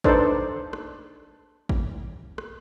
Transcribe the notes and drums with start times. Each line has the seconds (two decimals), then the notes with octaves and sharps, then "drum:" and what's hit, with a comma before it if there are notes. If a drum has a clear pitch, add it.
0.04 D4 D#4 A4 B4 C5 D5, drum: kick G#1
0.73 drum: rim click
1.69 drum: kick G#1
2.38 drum: rim click